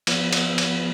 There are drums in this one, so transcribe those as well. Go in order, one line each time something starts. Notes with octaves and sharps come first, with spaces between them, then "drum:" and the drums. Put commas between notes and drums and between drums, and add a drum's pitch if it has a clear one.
F3 B3, drum: cymbal
drum: cymbal
drum: cymbal